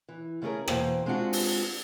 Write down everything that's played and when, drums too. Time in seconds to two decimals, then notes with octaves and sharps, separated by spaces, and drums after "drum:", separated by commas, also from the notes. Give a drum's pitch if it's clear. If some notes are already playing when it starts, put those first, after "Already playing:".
0.09 E3
0.42 C#3 A3 C#4 G#4 A#4
0.68 B2 E3 A#3 C5 G5, drum: rim click
1.06 G#3 C4 D4 F4 F#4
1.33 drum: open hi-hat